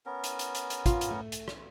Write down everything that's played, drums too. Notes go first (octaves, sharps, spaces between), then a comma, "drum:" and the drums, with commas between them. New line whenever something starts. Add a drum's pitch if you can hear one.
B3 C#4 A#4
drum: hi-hat
drum: hi-hat
drum: hi-hat
drum: hi-hat
F4, drum: kick, hi-hat
drum: hi-hat
A3
drum: hi-hat
drum: rim click